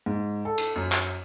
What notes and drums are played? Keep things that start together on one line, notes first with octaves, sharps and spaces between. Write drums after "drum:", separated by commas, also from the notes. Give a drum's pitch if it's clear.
G#2
A4
drum: cymbal
F#2
drum: clap